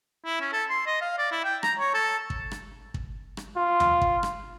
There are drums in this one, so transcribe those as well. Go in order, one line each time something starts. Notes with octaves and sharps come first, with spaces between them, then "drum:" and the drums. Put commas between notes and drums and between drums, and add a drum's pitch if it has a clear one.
E4
C#4
A4
C6
D#5
F5
D5
E4
G5
A#5, drum: rim click
C#5
A4
drum: kick
drum: rim click
drum: kick
drum: rim click
F4
drum: tom D#2
drum: kick
drum: rim click